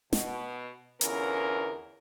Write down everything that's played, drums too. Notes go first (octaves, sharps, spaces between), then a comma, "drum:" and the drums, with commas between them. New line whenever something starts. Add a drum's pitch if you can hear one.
B2, drum: snare
E2 D3 B3 C#4 F4 A#4, drum: hi-hat